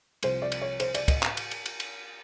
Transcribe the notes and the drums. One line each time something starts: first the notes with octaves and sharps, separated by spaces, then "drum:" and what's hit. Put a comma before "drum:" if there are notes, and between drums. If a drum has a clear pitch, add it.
C2 C3 F3 C5, drum: cymbal
D5
drum: cymbal
C#5
C5, drum: cymbal
D5, drum: cymbal
D#5, drum: kick, cymbal
drum: clap
drum: cymbal
drum: cymbal
drum: cymbal
drum: cymbal